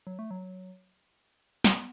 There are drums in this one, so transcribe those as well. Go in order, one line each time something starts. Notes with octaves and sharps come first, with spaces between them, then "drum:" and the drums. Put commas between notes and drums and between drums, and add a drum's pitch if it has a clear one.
F#3
A3
F#3
B3, drum: snare